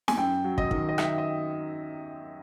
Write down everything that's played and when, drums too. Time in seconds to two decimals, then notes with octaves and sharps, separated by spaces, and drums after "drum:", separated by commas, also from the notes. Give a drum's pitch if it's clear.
0.08 G#5, drum: snare
0.17 F#2 G5
0.44 F#3
0.58 D#5, drum: kick
0.71 D#3, drum: kick
0.89 D#5
0.98 D#3 E5, drum: rim click
1.18 D#5